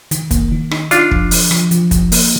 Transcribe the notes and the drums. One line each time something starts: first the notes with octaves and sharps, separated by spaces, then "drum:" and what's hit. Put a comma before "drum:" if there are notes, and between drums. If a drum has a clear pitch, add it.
D#3, drum: hi-hat
A#3, drum: kick, hi-hat
D#3
D#4, drum: rim click
D4 D#4 F4, drum: hi-hat
F3, drum: kick
F3, drum: open hi-hat
F3, drum: rim click
F3, drum: hi-hat
F3, drum: kick, hi-hat
A#3, drum: open hi-hat